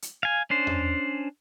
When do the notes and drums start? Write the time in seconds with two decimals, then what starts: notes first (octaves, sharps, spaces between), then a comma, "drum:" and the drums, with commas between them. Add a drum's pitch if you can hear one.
0.02 drum: hi-hat
0.23 F5 G#5
0.50 C#4 D4 C5
0.67 drum: tom E2